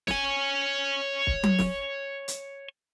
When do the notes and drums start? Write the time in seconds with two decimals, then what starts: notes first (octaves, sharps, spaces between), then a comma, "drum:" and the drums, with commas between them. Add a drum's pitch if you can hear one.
0.08 C#5 G#5, drum: snare
1.27 drum: kick
1.43 drum: tom F#3
1.59 drum: snare
2.28 drum: hi-hat